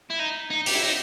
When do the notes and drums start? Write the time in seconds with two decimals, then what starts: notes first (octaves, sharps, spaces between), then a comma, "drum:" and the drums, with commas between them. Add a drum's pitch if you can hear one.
0.10 E4
0.19 D#4
0.50 D#4
0.66 G4, drum: open hi-hat
0.74 E4
0.83 D#4